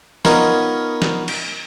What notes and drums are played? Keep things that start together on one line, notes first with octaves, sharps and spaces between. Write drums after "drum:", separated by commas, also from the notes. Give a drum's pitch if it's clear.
B3 C#4 D#4 F4 A#4 C#5, drum: snare
drum: snare
drum: cymbal